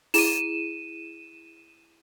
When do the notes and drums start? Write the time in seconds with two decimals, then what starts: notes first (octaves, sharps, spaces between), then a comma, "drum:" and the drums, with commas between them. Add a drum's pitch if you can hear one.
0.14 E4 G#4 D#7 E7, drum: open hi-hat